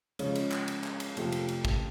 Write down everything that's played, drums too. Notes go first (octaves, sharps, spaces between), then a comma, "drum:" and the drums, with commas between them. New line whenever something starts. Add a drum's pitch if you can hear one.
C#3 F3 G#3 C#4 F4, drum: cymbal
drum: cymbal
drum: clap
drum: cymbal
drum: clap
drum: cymbal
F2 C3 F3 A3, drum: cymbal
drum: cymbal
drum: cymbal
drum: kick